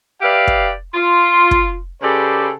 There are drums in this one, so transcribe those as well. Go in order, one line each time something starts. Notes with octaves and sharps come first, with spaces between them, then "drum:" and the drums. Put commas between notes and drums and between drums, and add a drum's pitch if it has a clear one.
G4 B4 D5 E5 F5
drum: kick
F4 C6
drum: kick
C#3 G4 A4 B4 C5 D5